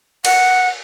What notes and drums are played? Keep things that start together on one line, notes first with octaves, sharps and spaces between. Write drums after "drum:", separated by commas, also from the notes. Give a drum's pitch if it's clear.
F#5, drum: cymbal